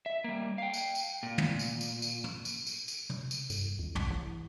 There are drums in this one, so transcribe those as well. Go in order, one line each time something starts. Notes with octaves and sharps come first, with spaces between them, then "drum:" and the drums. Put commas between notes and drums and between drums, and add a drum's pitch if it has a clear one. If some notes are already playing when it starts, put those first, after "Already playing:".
E5
G3 A#3
F5 G5
drum: tambourine
drum: tambourine
A#2
drum: tom
drum: tambourine
drum: tambourine
drum: tambourine
drum: tom
drum: tambourine
drum: tambourine
drum: tambourine
drum: tom
drum: tambourine
G2, drum: tambourine
D#2
B1, drum: tom
E3